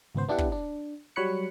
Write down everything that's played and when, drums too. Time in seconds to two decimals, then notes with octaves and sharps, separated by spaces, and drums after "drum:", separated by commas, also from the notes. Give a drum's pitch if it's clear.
0.15 G#1 C#2 B3 C5
0.29 B3 D4 E4 G4 F#5
0.38 drum: kick
0.52 D4
1.16 F#3 G3 C#5 B5 F#6 C#7